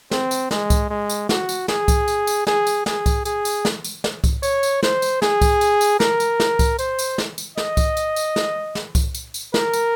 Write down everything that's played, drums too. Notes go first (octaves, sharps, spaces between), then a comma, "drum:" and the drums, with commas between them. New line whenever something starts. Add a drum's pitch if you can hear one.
C4, drum: snare
drum: tambourine
G#3, drum: snare
drum: kick C2, tambourine
G#3
drum: tambourine
F#4, drum: snare
drum: tambourine
G#4, drum: snare
drum: kick C2, tambourine
drum: tambourine
drum: tambourine
G#4, drum: snare
drum: tambourine
G#4, drum: snare
drum: kick C2, tambourine
G#4, drum: tambourine
drum: tambourine
drum: snare
drum: tambourine
drum: snare
drum: kick C2, tambourine
C#5, drum: tambourine
drum: tambourine
C5, drum: snare
drum: tambourine
G#4, drum: snare
drum: kick C2, tambourine
drum: tambourine
drum: tambourine
A#4, drum: snare
drum: tambourine
drum: snare
drum: kick C2, tambourine
C5, drum: tambourine
drum: tambourine
drum: snare
drum: tambourine
D#5, drum: snare
drum: kick C2, tambourine
drum: tambourine
drum: tambourine
drum: snare
drum: snare
drum: kick C2, tambourine
drum: tambourine
drum: tambourine
A#4, drum: snare
drum: tambourine